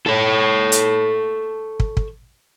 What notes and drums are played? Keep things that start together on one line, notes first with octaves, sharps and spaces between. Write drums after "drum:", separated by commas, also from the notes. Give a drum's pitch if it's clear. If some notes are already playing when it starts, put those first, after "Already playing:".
A4 C#5
drum: hi-hat
drum: kick
drum: kick